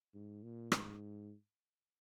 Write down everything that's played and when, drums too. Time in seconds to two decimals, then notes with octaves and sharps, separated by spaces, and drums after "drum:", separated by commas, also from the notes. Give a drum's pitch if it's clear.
0.14 G#2
0.43 A#2
0.72 G#2, drum: rim click